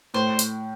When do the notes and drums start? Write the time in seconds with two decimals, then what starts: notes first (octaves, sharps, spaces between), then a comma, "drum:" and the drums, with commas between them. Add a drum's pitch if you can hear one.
0.14 A2 C5
0.39 drum: hi-hat